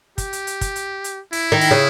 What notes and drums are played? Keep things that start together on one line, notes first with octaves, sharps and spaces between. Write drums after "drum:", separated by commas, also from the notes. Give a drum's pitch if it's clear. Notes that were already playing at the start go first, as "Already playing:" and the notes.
G4, drum: kick, hi-hat
drum: hi-hat
drum: hi-hat
drum: kick, hi-hat
drum: hi-hat
drum: hi-hat
E4, drum: open hi-hat
D#3
drum: open hi-hat
C#3